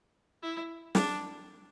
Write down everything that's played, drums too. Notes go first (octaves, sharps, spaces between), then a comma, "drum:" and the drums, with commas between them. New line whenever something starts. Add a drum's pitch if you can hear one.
E4
D4, drum: snare